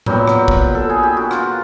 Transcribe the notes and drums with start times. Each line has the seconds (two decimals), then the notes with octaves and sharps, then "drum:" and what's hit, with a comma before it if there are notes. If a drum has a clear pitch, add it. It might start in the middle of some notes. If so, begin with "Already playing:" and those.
0.06 A#2 F#3 B3 G4, drum: tom A2
0.28 drum: rim click
0.48 drum: kick
0.75 A4
0.90 G#4
1.03 G4
1.17 F#4
1.31 F4, drum: rim click